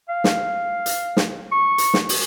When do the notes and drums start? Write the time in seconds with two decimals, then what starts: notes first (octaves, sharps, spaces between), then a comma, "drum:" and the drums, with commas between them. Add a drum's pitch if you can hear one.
0.09 F5
0.24 drum: snare
0.86 drum: hi-hat
1.17 drum: snare
1.52 C#6
1.78 drum: hi-hat
1.94 drum: snare
2.09 drum: open hi-hat